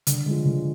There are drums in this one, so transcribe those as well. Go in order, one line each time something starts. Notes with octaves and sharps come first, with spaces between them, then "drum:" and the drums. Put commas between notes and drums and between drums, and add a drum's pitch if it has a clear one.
D3, drum: hi-hat
F3 G#3
D3